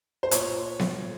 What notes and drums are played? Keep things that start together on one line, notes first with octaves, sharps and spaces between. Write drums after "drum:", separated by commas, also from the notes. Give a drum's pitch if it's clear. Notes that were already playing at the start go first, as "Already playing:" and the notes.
C5
A#2 C#5, drum: hi-hat
drum: snare B3